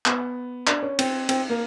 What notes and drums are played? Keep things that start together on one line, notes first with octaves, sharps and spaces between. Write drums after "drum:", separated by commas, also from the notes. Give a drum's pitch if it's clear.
B3, drum: clap
D4, drum: clap
C#4
C4, drum: cymbal
C4, drum: cymbal
A#3